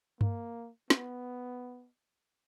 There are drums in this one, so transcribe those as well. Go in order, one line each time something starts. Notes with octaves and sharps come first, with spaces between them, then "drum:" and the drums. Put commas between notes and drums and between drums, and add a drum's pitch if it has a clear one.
A#3, drum: tom G2
B3, drum: snare